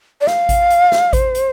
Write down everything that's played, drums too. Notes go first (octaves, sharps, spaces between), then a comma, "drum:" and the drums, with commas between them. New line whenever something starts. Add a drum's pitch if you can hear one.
D5
F5, drum: snare
drum: kick A1, hi-hat
drum: hi-hat
drum: snare
C5, drum: kick A1, hi-hat
drum: hi-hat